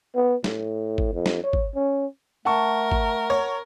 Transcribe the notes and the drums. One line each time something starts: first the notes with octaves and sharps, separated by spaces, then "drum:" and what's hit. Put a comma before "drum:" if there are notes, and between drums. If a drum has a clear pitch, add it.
B3
A2, drum: snare
drum: kick
F2
drum: snare
C#5
drum: kick
C#4
A3 A#4 F#5 A5 C#6
drum: kick
C#5